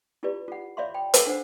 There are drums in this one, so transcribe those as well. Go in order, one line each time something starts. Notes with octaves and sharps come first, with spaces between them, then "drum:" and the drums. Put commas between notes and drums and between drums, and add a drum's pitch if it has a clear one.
E4 F4 G4 B4 D5
F4 F#5
C#5 D5 E5 F5 B5 C6
G5 B5
A4 F5 F#5, drum: hi-hat
D4 C5 F#5